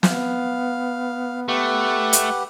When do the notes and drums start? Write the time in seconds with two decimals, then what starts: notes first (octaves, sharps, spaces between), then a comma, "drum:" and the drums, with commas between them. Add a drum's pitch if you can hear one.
0.03 B3 F5, drum: snare
1.48 A3 G4 B4 F#5
2.13 drum: hi-hat